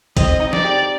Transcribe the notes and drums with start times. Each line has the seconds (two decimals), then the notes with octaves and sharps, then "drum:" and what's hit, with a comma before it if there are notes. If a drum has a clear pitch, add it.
0.17 C4 D#5, drum: kick, hi-hat
0.40 D#4
0.53 D5, drum: snare
0.64 G4